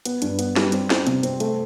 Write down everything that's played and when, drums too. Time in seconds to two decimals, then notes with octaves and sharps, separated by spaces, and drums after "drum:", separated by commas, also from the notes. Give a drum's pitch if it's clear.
0.05 B3, drum: hi-hat
0.22 G2, drum: hi-hat
0.39 B3, drum: hi-hat
0.56 G3, drum: snare
0.72 C4, drum: hi-hat
0.90 C4, drum: snare
1.07 C3, drum: hi-hat
1.23 C4, drum: hi-hat
1.40 A3, drum: hi-hat